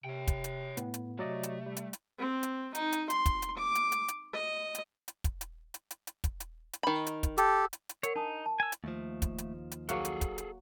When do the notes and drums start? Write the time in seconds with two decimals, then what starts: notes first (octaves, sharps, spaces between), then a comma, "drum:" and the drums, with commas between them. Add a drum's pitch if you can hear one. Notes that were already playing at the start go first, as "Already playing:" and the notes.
0.05 C3 C#5 G5
0.27 drum: kick, hi-hat
0.44 drum: hi-hat
0.77 A2 B3, drum: hi-hat
0.94 drum: hi-hat
1.19 C3 F#3 A3 D5 D#5
1.43 drum: hi-hat
1.66 G3
1.77 drum: hi-hat
1.93 drum: hi-hat
2.19 C4
2.43 drum: hi-hat
2.75 D#4, drum: hi-hat
2.92 drum: hi-hat
3.10 C6, drum: hi-hat
3.26 drum: kick, hi-hat
3.42 drum: hi-hat
3.57 D6
3.75 drum: hi-hat
3.92 drum: hi-hat
4.08 drum: hi-hat
4.33 D#5
4.75 drum: hi-hat
5.08 drum: hi-hat
5.24 drum: kick, hi-hat
5.41 drum: hi-hat
5.74 drum: hi-hat
5.91 drum: hi-hat
6.07 drum: hi-hat
6.24 drum: kick, hi-hat
6.40 drum: hi-hat
6.73 drum: hi-hat
6.83 D#3 B5
7.07 drum: hi-hat
7.23 drum: kick, hi-hat
7.38 G4 A4, drum: hi-hat
7.73 drum: hi-hat
7.89 drum: hi-hat
8.03 A#4 C#5 F#5, drum: hi-hat
8.16 D4 D#4 A5 D#6
8.46 A5
8.60 G#5 E6
8.72 drum: hi-hat
8.84 D#2 F3 A3
9.22 drum: kick, hi-hat
9.38 drum: hi-hat
9.72 drum: hi-hat
9.89 B1 F#3 A#3 F#4 G#4 A4, drum: hi-hat
10.05 drum: hi-hat
10.21 drum: kick, hi-hat
10.38 drum: hi-hat